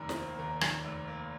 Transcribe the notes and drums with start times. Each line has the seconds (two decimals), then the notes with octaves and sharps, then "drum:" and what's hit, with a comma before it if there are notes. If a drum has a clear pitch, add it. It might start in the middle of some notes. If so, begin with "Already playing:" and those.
Already playing: F1 D#2 D#3 A#4
0.09 C5, drum: snare
0.16 A#3
0.39 D#2 A#4
0.61 D#3, drum: rim click
0.85 F1
1.08 A#3